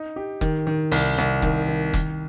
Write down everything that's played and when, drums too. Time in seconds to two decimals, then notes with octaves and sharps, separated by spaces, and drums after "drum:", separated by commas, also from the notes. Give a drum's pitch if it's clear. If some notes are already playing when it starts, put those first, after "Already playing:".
Already playing: D#4
0.16 G4
0.41 D#3, drum: kick F1
0.67 D#3
0.92 C2, drum: open hi-hat
1.18 C2
1.42 D#3, drum: kick F1
1.68 D#3
1.94 D#3, drum: kick F1, hi-hat